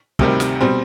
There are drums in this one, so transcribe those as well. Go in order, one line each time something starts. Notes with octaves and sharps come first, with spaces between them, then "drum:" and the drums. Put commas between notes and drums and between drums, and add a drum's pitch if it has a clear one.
D2 C3 D#3 G3, drum: kick
drum: snare
B2 G3 C4